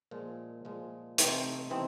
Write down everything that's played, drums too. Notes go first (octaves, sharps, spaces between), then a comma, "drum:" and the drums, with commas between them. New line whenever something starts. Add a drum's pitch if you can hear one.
A#2 F3 G#3
A#2 F3 G#3
C3 E3 A3 C4 D#4, drum: hi-hat
C3 E3 A3 C4 D#4